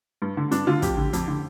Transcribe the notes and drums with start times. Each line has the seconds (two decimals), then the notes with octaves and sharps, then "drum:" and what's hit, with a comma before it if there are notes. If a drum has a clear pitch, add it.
0.22 G2
0.37 D3
0.51 G2 D4, drum: hi-hat
0.67 D3 F4
0.82 F2 G4, drum: kick, hi-hat
0.97 D3
1.13 F2, drum: hi-hat
1.28 D3